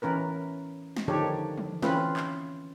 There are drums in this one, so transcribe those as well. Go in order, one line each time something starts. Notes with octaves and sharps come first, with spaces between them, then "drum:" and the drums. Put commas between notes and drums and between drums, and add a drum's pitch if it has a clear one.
E3 C#4 A#4 B4
drum: snare
D3 D#3 F3 D4 G4 C#5
drum: tom
E3 C4 C#4 F4 B4, drum: snare
drum: clap